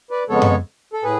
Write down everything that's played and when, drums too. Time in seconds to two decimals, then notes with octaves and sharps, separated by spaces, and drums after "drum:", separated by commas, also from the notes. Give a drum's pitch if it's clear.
0.11 B4 D5
0.29 F2 C#3 G#3 B3 A4 C#5
0.42 drum: tom F#2
0.93 A4
1.03 A2 G#4 B4